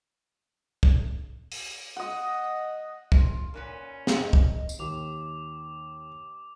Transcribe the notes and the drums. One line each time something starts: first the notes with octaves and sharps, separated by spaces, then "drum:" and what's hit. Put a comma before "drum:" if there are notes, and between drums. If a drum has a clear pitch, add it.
drum: kick
drum: open hi-hat
D#5 F#5
F4, drum: kick
A#2 C#4 F#4 B4
drum: snare
D#5
drum: kick
drum: tambourine
D#2 D6 F7